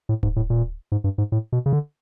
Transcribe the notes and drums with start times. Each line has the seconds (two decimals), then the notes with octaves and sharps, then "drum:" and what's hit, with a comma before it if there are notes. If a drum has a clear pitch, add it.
0.09 A2
0.23 G#2, drum: kick D1
0.36 A2
0.50 A#2
0.92 G#2
1.04 G2
1.18 G#2
1.32 A2
1.52 B2
1.66 C#3
1.73 D3